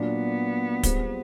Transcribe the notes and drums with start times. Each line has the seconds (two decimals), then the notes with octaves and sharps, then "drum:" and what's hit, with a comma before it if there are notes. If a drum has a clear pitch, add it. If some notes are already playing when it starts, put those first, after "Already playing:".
Already playing: A#2 F#3 A#3 B3 D4
0.83 G3 C4 F4 G#4 C5, drum: kick, hi-hat